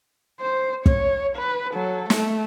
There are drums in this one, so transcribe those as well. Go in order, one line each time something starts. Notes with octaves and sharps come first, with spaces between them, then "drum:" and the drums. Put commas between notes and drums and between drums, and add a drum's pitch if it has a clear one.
C5
C#5, drum: kick
B4
F#3 A4
A3, drum: snare